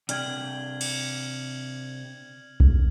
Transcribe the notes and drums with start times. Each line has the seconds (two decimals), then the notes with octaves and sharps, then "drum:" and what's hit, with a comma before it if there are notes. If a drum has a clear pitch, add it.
0.09 C3 D4 G5 F6 G#6 F#7, drum: hi-hat
0.81 drum: cymbal
2.60 drum: kick B1